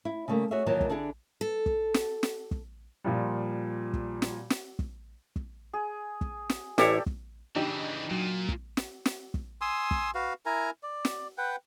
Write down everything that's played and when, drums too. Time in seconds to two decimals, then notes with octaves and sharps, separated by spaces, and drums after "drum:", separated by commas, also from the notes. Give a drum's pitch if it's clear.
0.05 E4
0.28 C#3 G3 A3 A#3
0.51 F#4 G#4 C#5 E5
0.66 D#2 A#2 D#3 E3 F#3 A5
0.81 drum: kick
0.90 D3 D4 E4 G#4
1.41 A4
1.66 drum: kick
1.94 drum: snare
2.23 drum: snare
2.51 drum: kick
3.04 A#2 F3 G3
3.93 drum: kick
4.22 drum: snare
4.50 drum: snare
4.79 drum: kick
5.36 drum: kick
5.73 G#4
6.21 drum: kick
6.49 drum: snare
6.78 A1 E4 G4 A4 C#5 D5, drum: snare
7.06 drum: kick
7.56 C#3 E3 D4 D#4 G4
8.11 A#2 F#3
8.49 drum: kick
8.77 drum: snare
9.06 drum: snare
9.34 drum: kick
9.61 G#5 C6 D#6 E6
9.91 drum: kick
10.15 F#4 B4 F5
10.46 E4 A#4 G#5 A#5
10.83 D5
11.05 drum: snare
11.38 B4 F#5 G5